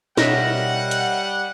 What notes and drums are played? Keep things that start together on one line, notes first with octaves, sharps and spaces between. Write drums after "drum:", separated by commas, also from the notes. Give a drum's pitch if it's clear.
B2 G3 A#4 C#5 D#5 E5 F#5, drum: snare
drum: hi-hat